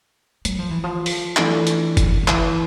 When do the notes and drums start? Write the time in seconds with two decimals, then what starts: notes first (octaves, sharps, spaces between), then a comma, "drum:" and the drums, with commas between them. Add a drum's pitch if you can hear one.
0.45 F#3, drum: hi-hat
0.59 F3
0.70 E3
0.84 F3
1.06 drum: open hi-hat
1.37 E3 A3 D4, drum: clap
1.67 drum: hi-hat
1.97 drum: kick, hi-hat
2.23 D#3
2.28 E3, drum: clap